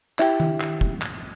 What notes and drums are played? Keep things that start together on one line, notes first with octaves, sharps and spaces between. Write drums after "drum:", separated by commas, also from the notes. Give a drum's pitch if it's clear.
E4 G4, drum: clap
drum: tom D#3
drum: clap
drum: kick
drum: clap